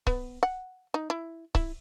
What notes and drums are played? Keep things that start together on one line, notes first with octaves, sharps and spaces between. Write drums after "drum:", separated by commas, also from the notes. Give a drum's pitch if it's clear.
B3, drum: kick C#1
F#5
D#4
E4
E4, drum: kick C#1